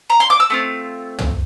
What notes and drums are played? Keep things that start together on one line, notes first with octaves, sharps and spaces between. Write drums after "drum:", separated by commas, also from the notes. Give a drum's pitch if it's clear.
A#5
C6
D6
E6
A3 C4 F4
drum: tom